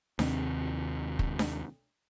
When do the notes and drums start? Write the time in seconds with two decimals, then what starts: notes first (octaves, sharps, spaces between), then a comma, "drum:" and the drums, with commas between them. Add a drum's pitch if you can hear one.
0.19 D#2 C3 C4, drum: snare D4
1.19 drum: kick
1.39 drum: snare D4